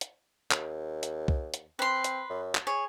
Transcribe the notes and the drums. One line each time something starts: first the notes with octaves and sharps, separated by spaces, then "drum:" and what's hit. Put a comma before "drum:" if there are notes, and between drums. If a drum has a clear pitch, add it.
drum: hi-hat
D#2, drum: clap
drum: hi-hat
drum: kick
drum: hi-hat
C4 B4 C6
drum: hi-hat
F#2
drum: clap
G#4 C#5